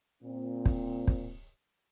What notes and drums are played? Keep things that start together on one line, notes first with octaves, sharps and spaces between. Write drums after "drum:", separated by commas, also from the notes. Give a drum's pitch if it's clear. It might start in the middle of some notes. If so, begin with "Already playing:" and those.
A#2 C4
drum: kick
drum: kick